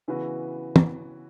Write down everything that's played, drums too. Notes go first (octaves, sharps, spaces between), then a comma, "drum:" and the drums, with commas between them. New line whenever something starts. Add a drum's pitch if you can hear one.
C#3 E3 B3 F#4 B4
drum: tom